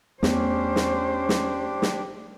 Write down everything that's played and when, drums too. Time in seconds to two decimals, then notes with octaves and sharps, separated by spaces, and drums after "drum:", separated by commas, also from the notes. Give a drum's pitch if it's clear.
0.23 E2 A3 B3 C#4 D4 G4 C5, drum: snare
0.76 drum: snare
1.29 drum: snare
1.82 drum: snare